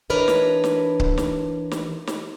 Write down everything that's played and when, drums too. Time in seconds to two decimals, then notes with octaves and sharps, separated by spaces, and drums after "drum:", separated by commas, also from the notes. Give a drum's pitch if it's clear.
0.10 E3 D4 A#4 B4 C#5 D#5
0.28 drum: snare
0.64 drum: snare
1.00 drum: kick C#1
1.18 drum: snare
1.71 drum: snare
2.07 drum: snare